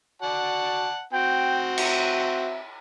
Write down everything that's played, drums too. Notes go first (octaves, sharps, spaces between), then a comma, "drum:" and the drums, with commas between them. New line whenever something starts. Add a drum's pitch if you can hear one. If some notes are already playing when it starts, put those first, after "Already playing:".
F#4 D5 F#5 A5
C4 F#4 G5
E5, drum: cymbal